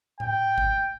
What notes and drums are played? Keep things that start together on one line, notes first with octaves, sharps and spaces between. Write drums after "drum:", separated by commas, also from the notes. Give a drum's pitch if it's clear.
G5, drum: tom A2
drum: kick G#1